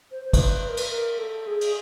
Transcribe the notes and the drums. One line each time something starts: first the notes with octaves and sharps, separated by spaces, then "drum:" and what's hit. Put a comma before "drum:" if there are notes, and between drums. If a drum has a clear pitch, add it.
C5
C5
B4, drum: kick, cymbal
B4
A#4
B4, drum: cymbal
A#4
A4
G#4
drum: cymbal